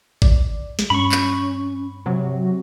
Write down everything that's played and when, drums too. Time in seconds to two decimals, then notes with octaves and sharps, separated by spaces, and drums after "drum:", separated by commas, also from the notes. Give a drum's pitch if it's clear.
0.22 D5, drum: kick
0.79 drum: snare
0.90 G2 C#4 B5 C#6
1.12 drum: clap
2.06 C3 F#3 F#4